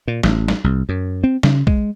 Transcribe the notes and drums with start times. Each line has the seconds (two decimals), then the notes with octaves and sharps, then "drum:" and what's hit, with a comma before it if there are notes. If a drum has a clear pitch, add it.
0.08 A#2
0.23 A1, drum: snare
0.48 drum: snare
0.64 C2
0.89 F#2
1.24 C4
1.43 C#3, drum: snare
1.67 G#3, drum: kick